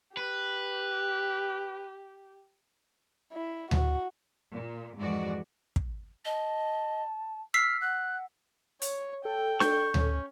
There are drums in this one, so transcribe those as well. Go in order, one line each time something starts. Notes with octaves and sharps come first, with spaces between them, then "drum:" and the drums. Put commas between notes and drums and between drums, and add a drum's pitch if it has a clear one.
G4 B4
E4
F#4, drum: tom D2
A#2
F2 G#2 E3 G#3 F#4 D5
drum: kick
D#5 A5
E6 F6 B6 C7
F#5 F#6
C#5, drum: hi-hat
A4 G5
C#6 G6, drum: snare D4
C#4, drum: tom D2